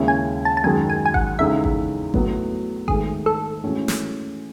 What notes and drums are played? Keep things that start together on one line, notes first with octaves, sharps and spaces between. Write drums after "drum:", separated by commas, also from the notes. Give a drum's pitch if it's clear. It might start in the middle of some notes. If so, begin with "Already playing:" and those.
Already playing: D#2 C#3 G#3 C#4 E4
G#5
A5
A5
F#2 D#3 G#3 G#5
G#5
G#5
F#5, drum: kick G#1
E2 C#3 G#3 D#4 A4 E5
drum: kick G#1
A2 F#3 B3, drum: kick G#1
G#2 D#3 A3 G#4, drum: kick G#1
A4
A2 E3 G#3 C#4 F#4
drum: snare